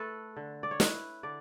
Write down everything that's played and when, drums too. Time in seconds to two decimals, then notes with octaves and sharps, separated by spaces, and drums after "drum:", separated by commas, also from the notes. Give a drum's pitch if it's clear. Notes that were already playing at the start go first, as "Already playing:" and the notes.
Already playing: A3 A4 B4
0.36 D3
0.63 D5
0.71 C#5
0.80 E4 B4, drum: snare
1.23 D3 D5